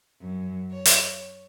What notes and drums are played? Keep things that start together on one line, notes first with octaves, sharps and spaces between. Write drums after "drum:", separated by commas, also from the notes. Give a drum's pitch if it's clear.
F#2
C#5
drum: hi-hat